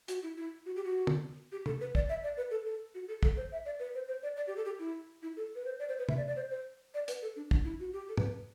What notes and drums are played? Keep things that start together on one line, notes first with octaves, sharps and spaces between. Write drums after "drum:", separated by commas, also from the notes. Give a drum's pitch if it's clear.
F#4, drum: hi-hat
E4
E4
F#4
G4
F#4
drum: tom
G4
A4, drum: tom
B4
D5, drum: kick
E5
D5
B4
A4
A4
F#4
A4
A4, drum: kick
C5
E5
D5
B4
C5
C5
D5
D5
G4
A4
G4
E4
E4
A4
B4
C5
D5
C5
B4
E5, drum: tom
D5
D5
C5
C5
D5
B4, drum: hi-hat
A4
D4
D4, drum: kick
E4
F#4
G4
A4
B4, drum: tom